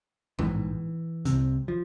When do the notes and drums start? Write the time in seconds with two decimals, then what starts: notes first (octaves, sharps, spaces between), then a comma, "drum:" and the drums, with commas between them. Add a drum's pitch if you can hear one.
0.39 A#1 G#2 E3, drum: tom A2
1.25 C2 C3, drum: hi-hat
1.68 F3